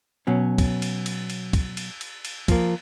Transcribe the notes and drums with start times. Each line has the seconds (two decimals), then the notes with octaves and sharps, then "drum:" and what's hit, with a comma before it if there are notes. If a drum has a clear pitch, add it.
0.27 B2 F#3 C#4
0.58 drum: kick, cymbal
0.82 drum: cymbal
1.06 drum: cymbal
1.30 drum: cymbal
1.53 drum: kick, cymbal
1.77 drum: cymbal
2.01 drum: cymbal
2.25 drum: cymbal
2.48 F3 A#3, drum: kick, cymbal